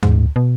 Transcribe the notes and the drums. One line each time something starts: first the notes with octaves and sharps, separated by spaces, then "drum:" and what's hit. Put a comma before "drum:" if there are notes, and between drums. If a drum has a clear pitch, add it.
G#2, drum: tom D2
B2